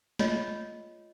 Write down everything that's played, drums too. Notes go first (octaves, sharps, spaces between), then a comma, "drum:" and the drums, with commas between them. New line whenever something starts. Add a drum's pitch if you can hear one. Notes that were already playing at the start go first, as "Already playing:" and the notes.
F4 C#5 D#5, drum: snare